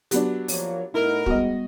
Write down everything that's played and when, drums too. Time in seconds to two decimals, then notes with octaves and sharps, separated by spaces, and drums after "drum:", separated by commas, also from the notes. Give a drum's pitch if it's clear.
0.11 F#3 B3 D4 G4, drum: hi-hat
0.48 F3 A#3 C#5, drum: open hi-hat
0.94 A2 B3 D#4 E4 A#4
1.26 G#2 D#3 G3 B3 F#4 D#5, drum: kick